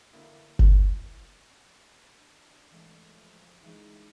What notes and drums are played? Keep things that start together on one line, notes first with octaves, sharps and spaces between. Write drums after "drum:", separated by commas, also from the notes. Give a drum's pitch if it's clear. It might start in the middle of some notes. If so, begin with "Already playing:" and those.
D3 A#3 E4
drum: kick F#1
D4
E3 G#3 A3
F3
E3 G#3 D4 D#4